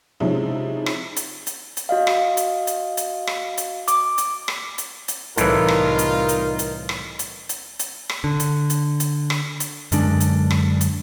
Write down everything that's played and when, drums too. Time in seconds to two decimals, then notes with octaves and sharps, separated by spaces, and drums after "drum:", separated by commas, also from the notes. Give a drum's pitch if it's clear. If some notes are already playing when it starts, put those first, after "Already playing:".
0.20 C3 F3 G#3 C#4 D#4 E4
0.86 drum: rim click
1.16 drum: hi-hat
1.47 drum: hi-hat
1.77 drum: hi-hat
1.89 F#4 D#5 F5
2.07 drum: rim click
2.37 drum: hi-hat
2.67 drum: hi-hat
2.97 drum: hi-hat
3.27 drum: rim click
3.57 drum: hi-hat
3.88 D6, drum: hi-hat
4.18 drum: hi-hat
4.48 drum: rim click
4.78 drum: hi-hat
5.08 drum: hi-hat
5.37 C2 A2 E3 D#4 F4 A#4, drum: hi-hat
5.68 drum: rim click
5.99 drum: hi-hat
6.29 drum: hi-hat
6.59 drum: hi-hat
6.89 drum: rim click
7.19 drum: hi-hat
7.49 drum: hi-hat
7.79 drum: hi-hat
8.09 drum: rim click
8.24 D3
8.40 drum: hi-hat
8.70 drum: hi-hat
9.00 drum: hi-hat
9.30 drum: rim click
9.60 drum: hi-hat
9.92 F#2 D3 G#3 D4, drum: hi-hat
10.20 drum: hi-hat
10.51 drum: rim click
10.81 drum: hi-hat